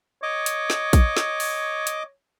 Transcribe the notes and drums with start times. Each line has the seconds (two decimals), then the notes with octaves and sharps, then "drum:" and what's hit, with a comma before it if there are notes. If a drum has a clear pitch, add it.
0.23 C#5 D#5 D6
0.46 drum: hi-hat
0.70 drum: snare
0.93 drum: kick, hi-hat
1.17 drum: snare
1.40 drum: open hi-hat
1.87 drum: hi-hat